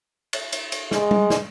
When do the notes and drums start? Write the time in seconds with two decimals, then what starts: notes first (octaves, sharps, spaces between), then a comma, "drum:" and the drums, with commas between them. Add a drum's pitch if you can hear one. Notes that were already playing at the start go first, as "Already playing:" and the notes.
0.33 drum: cymbal
0.52 drum: cymbal
0.72 drum: cymbal
0.91 G#3, drum: snare
1.11 drum: tom G3
1.30 drum: snare